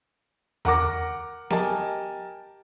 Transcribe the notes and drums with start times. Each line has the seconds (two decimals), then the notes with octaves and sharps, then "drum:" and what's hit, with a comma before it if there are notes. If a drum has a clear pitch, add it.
0.65 A#4 F#5 A#5 D6 A#6, drum: tom E2
1.50 G4 A#4 D#5 G#5 A5, drum: snare B3